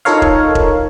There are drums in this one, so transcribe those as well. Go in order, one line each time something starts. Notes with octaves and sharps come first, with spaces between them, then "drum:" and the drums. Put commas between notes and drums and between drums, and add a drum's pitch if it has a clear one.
D#4 F4 A4 A#4 C#5 F5
drum: kick E1
drum: kick E1